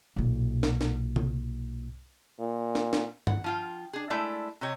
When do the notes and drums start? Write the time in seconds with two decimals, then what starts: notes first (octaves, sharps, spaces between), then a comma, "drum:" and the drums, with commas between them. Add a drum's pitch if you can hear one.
0.16 B1 A#2
0.63 drum: snare
0.81 drum: snare
1.16 drum: tom C3
2.40 A#2
2.75 drum: snare
2.93 drum: snare
3.27 F#5, drum: tom G2
3.44 F3 F4 G5
3.93 D4 G#4
4.10 G#3 A3 E4 A4 D5 E5
4.61 C3 G4 C#5 D#5